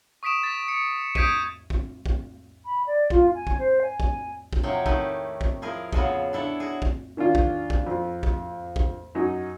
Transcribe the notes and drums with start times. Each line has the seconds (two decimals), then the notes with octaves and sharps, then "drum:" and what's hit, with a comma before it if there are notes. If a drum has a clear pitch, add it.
0.23 C#6 D#6 B6 D7 E7
0.43 A6 B6
0.68 C#7
1.15 D#6 G6 G#6 B6 D7 D#7, drum: kick
1.70 drum: kick
2.06 drum: kick
2.65 B5
2.87 D5
3.10 F4, drum: kick
3.35 G#5
3.47 drum: kick
3.59 C5
3.82 G#5
4.00 drum: kick
4.53 drum: kick
4.63 C3 F3 F#3 C#5 G5
4.86 D#3 A3 D#4 E4 G4 B4, drum: kick
5.41 drum: kick
5.62 F3 E4 G#4 A#4
5.93 C#3 F3 B3 F#4 G#4 A4, drum: kick
6.33 D4 E4 A4 C#5
6.60 F#4 G#4
6.82 drum: kick
7.17 D#3 C#4 D4 F4
7.35 drum: kick
7.70 drum: kick
7.87 F2
8.23 drum: kick
8.76 drum: kick
9.15 F#2 C#4 D#4